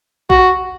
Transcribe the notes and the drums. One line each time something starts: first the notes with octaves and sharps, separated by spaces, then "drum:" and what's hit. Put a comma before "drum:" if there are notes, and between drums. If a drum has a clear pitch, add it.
F#4, drum: kick A#1